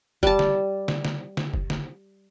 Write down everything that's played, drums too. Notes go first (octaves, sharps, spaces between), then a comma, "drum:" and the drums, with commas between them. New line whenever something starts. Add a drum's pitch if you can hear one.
G3 A5, drum: kick
drum: snare
drum: snare
drum: snare
drum: snare
drum: kick
drum: snare